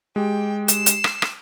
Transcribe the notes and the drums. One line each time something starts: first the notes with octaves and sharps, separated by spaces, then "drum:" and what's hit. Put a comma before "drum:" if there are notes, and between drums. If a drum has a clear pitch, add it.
G#3 G4 G5
C7 E7, drum: hi-hat
drum: hi-hat
drum: rim click
drum: rim click